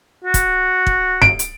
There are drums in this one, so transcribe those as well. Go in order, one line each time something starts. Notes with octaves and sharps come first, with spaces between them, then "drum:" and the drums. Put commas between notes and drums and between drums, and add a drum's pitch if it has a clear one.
F#4
drum: kick, hi-hat
drum: kick
D7, drum: kick
drum: hi-hat